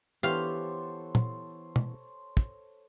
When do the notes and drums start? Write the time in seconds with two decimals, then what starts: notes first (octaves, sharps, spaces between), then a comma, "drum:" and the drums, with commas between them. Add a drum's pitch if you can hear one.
0.23 E3 B3 G4 A4 C5 C#5 F5
1.15 drum: tom
1.76 drum: tom
2.37 drum: kick